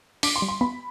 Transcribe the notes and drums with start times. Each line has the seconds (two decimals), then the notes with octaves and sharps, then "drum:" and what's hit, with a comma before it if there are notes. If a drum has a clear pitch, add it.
0.23 D4 D6, drum: open hi-hat
0.36 C6
0.42 G3
0.48 C6
0.61 B3 B5